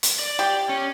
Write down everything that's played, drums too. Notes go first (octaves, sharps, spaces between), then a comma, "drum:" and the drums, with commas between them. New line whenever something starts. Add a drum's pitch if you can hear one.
drum: hi-hat
D5
G4
C#4